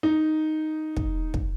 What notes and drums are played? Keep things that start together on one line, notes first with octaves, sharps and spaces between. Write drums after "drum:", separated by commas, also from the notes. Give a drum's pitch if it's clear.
D#4
drum: kick
drum: kick